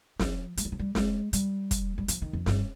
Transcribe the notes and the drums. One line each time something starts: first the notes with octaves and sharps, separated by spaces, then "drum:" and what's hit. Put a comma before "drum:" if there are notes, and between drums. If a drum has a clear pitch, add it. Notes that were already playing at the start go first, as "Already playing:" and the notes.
F3, drum: snare
G#3, drum: hi-hat
G3
F3
G3
G#3, drum: snare
G3, drum: hi-hat
drum: kick, hi-hat
G3
F3, drum: hi-hat
D#3
F2
G2, drum: snare